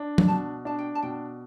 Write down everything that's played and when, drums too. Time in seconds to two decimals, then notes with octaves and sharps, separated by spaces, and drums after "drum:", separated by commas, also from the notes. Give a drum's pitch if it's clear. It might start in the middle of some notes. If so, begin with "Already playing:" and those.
Already playing: D4
0.18 drum: tom
0.28 B2 A5
0.65 D4 A5
0.79 G5
0.95 A5
1.02 B2 G5